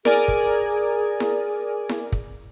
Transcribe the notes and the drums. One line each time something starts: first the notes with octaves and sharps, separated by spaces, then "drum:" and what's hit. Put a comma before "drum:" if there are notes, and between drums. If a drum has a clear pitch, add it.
G#4 A#4 D5 G#5, drum: snare E4
drum: kick
drum: snare E4
drum: snare E4
drum: kick